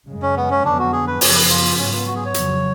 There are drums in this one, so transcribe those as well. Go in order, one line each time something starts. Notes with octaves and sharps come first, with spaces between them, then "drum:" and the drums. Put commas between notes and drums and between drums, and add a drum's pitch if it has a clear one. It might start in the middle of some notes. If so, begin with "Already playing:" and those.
F#2 C#3 G#3
C#4
B3
C#4
F2 D3 F#3 B3 D4
F#4
G#4
B4
F#2 C#3 F3 B3 C#5, drum: open hi-hat
B4
F4
G#2 F#3 B3 C#4
F4
F#4
G#4
C#5
F2 C#3 F#3, drum: hi-hat